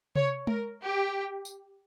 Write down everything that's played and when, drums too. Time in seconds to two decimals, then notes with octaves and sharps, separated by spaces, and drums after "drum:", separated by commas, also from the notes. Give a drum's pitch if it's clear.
0.16 C#5, drum: tom C3
0.47 A#4, drum: tom G#3
0.81 G4
1.45 drum: tambourine